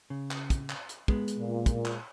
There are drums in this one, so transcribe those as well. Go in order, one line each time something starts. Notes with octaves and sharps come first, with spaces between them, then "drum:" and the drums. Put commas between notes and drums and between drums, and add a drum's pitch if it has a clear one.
C#3
drum: clap
drum: kick, hi-hat
drum: clap
drum: hi-hat
G#3 B3, drum: kick
drum: hi-hat
A#2
drum: kick, hi-hat
drum: clap